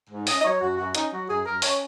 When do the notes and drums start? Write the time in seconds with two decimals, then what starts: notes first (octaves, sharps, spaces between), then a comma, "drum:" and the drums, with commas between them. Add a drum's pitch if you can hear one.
0.10 G#2
0.27 C#4 D#5, drum: open hi-hat
0.40 D#5
0.45 F#3 C#5
0.60 F#2 F#4
0.77 F#2 F#4
0.95 C#4 D#4, drum: hi-hat
1.11 F#3 F#4
1.29 F#2 G#4
1.46 F#2 A#4
1.62 C#4 C#5, drum: open hi-hat